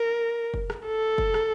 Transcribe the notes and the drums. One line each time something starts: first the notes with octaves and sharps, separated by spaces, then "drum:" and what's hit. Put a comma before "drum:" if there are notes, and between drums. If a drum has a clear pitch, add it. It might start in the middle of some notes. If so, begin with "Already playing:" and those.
Already playing: A#4
drum: kick
drum: rim click
A4
drum: kick
drum: rim click